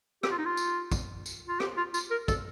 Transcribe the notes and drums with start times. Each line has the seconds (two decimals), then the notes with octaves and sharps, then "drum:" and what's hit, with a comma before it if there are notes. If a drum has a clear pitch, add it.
0.23 G4, drum: rim click
0.31 F4
0.38 D#4
0.46 F4
0.57 drum: tambourine
0.92 drum: kick, tambourine
1.26 drum: tambourine
1.48 F4
1.60 G4, drum: rim click
1.77 F4
1.94 F4, drum: tambourine
2.11 A#4
2.28 A4, drum: kick, tambourine